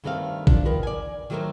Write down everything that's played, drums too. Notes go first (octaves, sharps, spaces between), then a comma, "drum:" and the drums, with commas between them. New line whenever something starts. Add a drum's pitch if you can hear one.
G2 D#3 A3 C4 D4 F5
D4 F4, drum: kick G#1
D#3 A#4 B4
D5 G#5
D#3 F#3 A3 G#4 A#4 C5